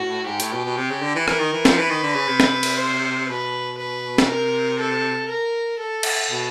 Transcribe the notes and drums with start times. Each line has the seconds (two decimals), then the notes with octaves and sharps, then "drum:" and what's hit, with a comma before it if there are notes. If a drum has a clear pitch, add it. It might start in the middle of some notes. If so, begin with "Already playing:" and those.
Already playing: A2 F#4
0.27 G#2 G4
0.40 A2, drum: hi-hat
0.53 B2
0.65 B2
0.77 C3
0.91 C#3
1.02 D3
1.15 E3
1.28 E3 A#4, drum: rim click
1.40 D#3
1.53 E3
1.65 F3, drum: snare
1.78 E3 B4
1.90 D#3
2.03 D3
2.15 C#3
2.28 C3
2.40 drum: snare
2.63 drum: cymbal
2.79 C5
3.29 B2 B4
3.79 B4
4.18 drum: snare
4.29 C3 A#4
4.79 A4
5.29 A#4
5.80 A4
6.03 drum: cymbal
6.31 B2